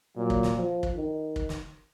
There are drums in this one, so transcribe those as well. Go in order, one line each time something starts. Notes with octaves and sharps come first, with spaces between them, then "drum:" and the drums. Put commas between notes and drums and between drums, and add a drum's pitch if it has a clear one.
A#2 F#3
drum: kick
drum: snare
F3
drum: kick
D#3
drum: kick
drum: snare